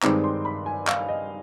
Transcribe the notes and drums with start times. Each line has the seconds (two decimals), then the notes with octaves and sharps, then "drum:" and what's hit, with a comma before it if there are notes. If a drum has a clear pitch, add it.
0.02 G2 D#3 G#3 C4 D#4 D6, drum: clap
0.24 C6
0.45 B5
0.66 G#5
0.87 F5, drum: clap
1.08 D#5